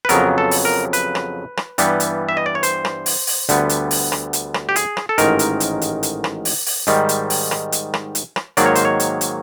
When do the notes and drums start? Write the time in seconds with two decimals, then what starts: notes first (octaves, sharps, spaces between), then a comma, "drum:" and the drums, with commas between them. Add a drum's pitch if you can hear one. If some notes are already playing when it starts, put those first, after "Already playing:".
0.05 B4
0.09 F2 C#3 F#3 B3 A#4, drum: hi-hat
0.38 A4
0.51 drum: open hi-hat
0.65 A#4
0.93 B4, drum: hi-hat
1.15 drum: rim click
1.57 drum: rim click
1.78 G2 E3 G3 B3, drum: hi-hat
2.00 drum: hi-hat
2.29 E5
2.37 D#5
2.46 D5
2.55 C#5
2.63 C5, drum: hi-hat
2.85 drum: rim click
3.06 drum: open hi-hat
3.27 drum: open hi-hat
3.49 D2 D3 G3 B3, drum: hi-hat
3.69 drum: hi-hat
3.91 drum: open hi-hat
4.12 drum: rim click
4.33 drum: hi-hat
4.54 drum: rim click
4.69 G4
4.76 G#4, drum: hi-hat
4.97 drum: rim click
5.09 A4
5.18 A1 G#2 D#3 A#4, drum: hi-hat
5.39 drum: hi-hat
5.60 drum: hi-hat
5.81 drum: hi-hat
6.03 drum: hi-hat
6.24 drum: rim click
6.45 drum: open hi-hat
6.66 drum: open hi-hat
6.87 G#2 D#3 G3, drum: hi-hat
7.09 drum: hi-hat
7.30 drum: open hi-hat
7.51 drum: rim click
7.72 drum: hi-hat
7.94 drum: rim click
8.15 drum: hi-hat
8.36 drum: rim click
8.57 G#2 D#3 F#3 A#3 D5, drum: hi-hat
8.66 C#5
8.75 C5, drum: hi-hat
8.85 C#5
9.00 drum: hi-hat
9.21 drum: hi-hat